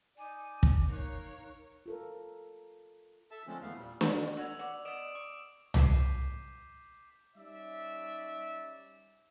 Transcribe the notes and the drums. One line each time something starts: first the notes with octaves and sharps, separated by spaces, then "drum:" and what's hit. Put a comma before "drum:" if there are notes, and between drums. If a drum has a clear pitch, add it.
D#4 D5 G#5 D6
drum: kick
D#4 A#4 C#5 F5 F#6
F4 A4 A#4
A4 E5 A5
D3 F3 G#3 A3 C4 C#4
E2 A3 B3 F5
A#2 G3
G4, drum: snare
C#4 F#4 E6 F7
F#4 B4 D5 D6
B3 D#5 D#6 D7 E7
C#6
D6 G6 B6 C7 D#7 E7, drum: tom C2
G3 C#4 D#4 D5 E5